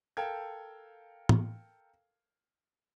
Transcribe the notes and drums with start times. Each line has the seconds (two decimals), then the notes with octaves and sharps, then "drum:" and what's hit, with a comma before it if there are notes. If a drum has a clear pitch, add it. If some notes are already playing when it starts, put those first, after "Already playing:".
0.17 A4 A#4 F5 G5 A5 G#6
1.29 drum: tom A2